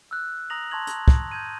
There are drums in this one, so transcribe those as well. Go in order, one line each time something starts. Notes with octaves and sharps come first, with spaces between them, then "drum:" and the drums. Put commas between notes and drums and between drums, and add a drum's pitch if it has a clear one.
E6 F#6
A#5 D#6 A#6 F7 F#7
A5 C6 C#6 G#6 F#7
drum: hi-hat
G#6, drum: kick
G6 G#6 D#7